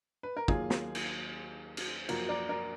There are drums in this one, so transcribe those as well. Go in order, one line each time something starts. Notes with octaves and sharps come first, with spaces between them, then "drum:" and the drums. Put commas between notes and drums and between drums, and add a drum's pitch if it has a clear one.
B4
A#4
D#2 D#3 F#3 A#3 F4 G#4, drum: kick
drum: snare
drum: cymbal
drum: cymbal
F#2 F3 A#3 F#4 A#4, drum: cymbal
A#4 D5
A#4 D5